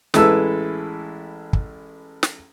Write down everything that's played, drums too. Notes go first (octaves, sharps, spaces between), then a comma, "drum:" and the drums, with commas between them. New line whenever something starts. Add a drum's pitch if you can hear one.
A1 G#3 E4 A4 B4 E6, drum: snare
drum: kick
drum: snare